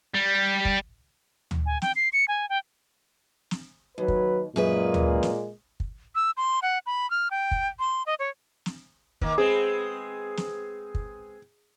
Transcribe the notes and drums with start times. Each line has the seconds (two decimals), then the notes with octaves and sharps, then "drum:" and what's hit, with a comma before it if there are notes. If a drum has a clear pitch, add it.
0.14 G3
0.65 drum: kick
1.51 drum: tom D2
1.66 G#5
1.82 G5, drum: snare
1.96 C7
2.13 C#7
2.28 G#5
2.49 G5
3.51 drum: snare
3.98 D#2 F#3 B4
4.08 drum: kick
4.56 F#2 A#2 G#3 A#3 G#4 B4
4.94 drum: tom D2
5.23 drum: snare
5.80 drum: kick
6.15 E6
6.37 C6
6.62 F#5
6.86 B5
7.11 F6
7.31 G5
7.51 drum: kick
7.79 C6
8.06 D#5
8.19 C#5
8.66 drum: snare
9.21 D#3 A#3, drum: kick
9.38 G#3 B3 C4 G#4
10.37 drum: snare
10.95 drum: kick